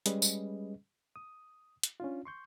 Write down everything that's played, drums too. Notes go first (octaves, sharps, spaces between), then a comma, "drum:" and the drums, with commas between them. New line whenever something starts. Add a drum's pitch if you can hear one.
G3 G#3 C#4 G#4 B4 D#5, drum: hi-hat
drum: tambourine
D#6
drum: hi-hat
C#4 D4 F4
C6 C#6 G6